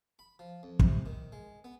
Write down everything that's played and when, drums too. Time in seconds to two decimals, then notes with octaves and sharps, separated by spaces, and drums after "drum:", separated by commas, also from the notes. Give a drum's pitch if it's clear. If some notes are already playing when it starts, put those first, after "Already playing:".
0.19 B5
0.39 F3
0.63 F2
0.79 C3, drum: kick
1.06 D#3
1.32 G#3
1.64 B3